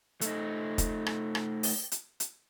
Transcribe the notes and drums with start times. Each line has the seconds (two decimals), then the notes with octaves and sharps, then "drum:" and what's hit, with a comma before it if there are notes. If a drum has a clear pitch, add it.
0.21 A3 D#4, drum: hi-hat
0.78 drum: kick, hi-hat
1.06 drum: rim click
1.35 drum: rim click
1.63 drum: open hi-hat
1.92 drum: hi-hat
2.20 drum: hi-hat